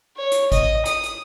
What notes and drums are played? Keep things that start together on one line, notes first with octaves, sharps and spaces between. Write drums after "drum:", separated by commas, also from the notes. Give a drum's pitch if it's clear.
C#5
drum: hi-hat
D#5, drum: kick A1, hi-hat
D#6, drum: hi-hat
drum: hi-hat